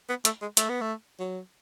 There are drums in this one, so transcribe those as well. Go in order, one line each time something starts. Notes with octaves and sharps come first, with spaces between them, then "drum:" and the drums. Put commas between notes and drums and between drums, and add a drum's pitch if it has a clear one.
B3
A3, drum: hi-hat
G#3
A3, drum: hi-hat
B3
A3
F#3